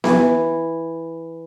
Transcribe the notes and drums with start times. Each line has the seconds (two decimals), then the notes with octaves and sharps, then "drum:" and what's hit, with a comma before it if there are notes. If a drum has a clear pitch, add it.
0.04 E3, drum: snare B3